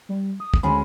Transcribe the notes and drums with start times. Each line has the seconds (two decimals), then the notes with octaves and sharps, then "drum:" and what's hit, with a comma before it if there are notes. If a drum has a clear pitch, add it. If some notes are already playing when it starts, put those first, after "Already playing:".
0.09 G3
0.40 D#6
0.54 drum: kick
0.63 D2 G#3 C#4 B5